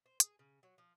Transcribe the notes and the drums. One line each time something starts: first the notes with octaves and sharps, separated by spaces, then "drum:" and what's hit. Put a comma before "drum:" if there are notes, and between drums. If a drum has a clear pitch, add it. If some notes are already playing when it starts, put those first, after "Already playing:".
C5
G#4, drum: hi-hat
C#3
F#3
F3